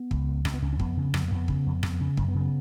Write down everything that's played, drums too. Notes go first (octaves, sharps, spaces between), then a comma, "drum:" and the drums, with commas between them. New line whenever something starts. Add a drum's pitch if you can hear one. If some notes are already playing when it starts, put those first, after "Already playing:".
Already playing: B3
C#2, drum: kick
C#2
C#2 C#4, drum: rim click
B3
C#2 C#4
C#4
F2 B3, drum: kick
C#3
F2 C#4, drum: rim click
B3
A#3
F2 B3
C#3, drum: kick
F2
F2, drum: rim click
C#3
F#2 C#4, drum: kick
B3
C#3
B3